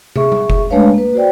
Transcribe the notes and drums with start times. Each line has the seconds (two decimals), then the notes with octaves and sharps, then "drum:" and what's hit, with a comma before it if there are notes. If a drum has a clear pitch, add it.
0.16 G#4 E5 C#6, drum: tom
0.32 drum: tom G3
0.50 drum: kick F1
0.70 G#3 A3 D4 B4 C#5 F5
0.94 A#3 B4
1.14 F#4 C5 D5 G5